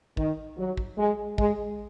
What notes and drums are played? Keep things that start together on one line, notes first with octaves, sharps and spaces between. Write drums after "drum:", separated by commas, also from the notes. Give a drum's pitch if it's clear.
D#3, drum: kick
F#3
drum: kick
G#3
G#3, drum: kick